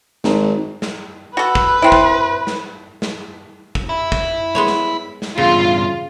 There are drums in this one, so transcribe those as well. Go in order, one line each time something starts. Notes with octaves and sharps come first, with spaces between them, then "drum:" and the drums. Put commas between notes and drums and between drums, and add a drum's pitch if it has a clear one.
G#1, drum: snare
drum: snare
F#4 A4 B4
drum: kick
C4 E4
drum: kick
drum: snare
drum: snare
drum: kick
E4
drum: kick
G#3 B3 C#5
drum: snare
drum: snare
E2 G2 C#3 F4